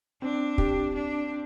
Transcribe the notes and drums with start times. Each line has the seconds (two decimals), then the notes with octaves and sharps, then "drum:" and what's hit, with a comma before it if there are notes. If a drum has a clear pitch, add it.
0.22 C4 D4
0.58 G4, drum: kick
0.94 D4